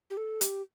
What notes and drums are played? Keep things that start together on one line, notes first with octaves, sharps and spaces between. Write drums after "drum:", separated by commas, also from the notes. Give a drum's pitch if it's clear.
G4
A4
G4, drum: hi-hat